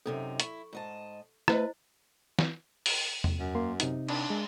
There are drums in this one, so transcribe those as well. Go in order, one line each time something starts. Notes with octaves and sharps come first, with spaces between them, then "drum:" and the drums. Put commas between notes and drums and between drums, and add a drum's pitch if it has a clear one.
F#2 C3 D#4 A4
E4 C#6, drum: hi-hat
G#2 D#5 A5
A3 E4 B4 C5 D#5, drum: rim click
drum: snare
drum: open hi-hat
drum: tom E2
F#2
A#3 C6
C3 D#4, drum: hi-hat
D4, drum: cymbal
G#3